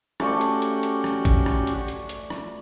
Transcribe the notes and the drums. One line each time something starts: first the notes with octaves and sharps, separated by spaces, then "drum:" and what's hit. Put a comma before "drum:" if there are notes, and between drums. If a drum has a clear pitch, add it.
A3 C#4 F#4 G4 D5 C#6, drum: rim click
drum: hi-hat
drum: hi-hat
drum: hi-hat
drum: rim click
drum: kick, hi-hat
drum: rim click
drum: hi-hat
drum: hi-hat
drum: hi-hat
drum: rim click